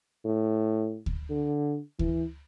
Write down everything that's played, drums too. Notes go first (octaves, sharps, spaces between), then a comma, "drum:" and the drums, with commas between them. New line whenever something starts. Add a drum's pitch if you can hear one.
A2
drum: kick D2
D3
E3, drum: kick D2